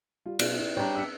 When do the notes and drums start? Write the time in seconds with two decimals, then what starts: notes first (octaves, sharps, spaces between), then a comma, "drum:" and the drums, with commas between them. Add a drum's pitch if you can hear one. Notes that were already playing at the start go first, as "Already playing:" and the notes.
0.26 G3 F4
0.39 B2 F4, drum: cymbal
0.59 E4
0.77 G3 D4 C#5 A#5
0.95 E6 B6 C#7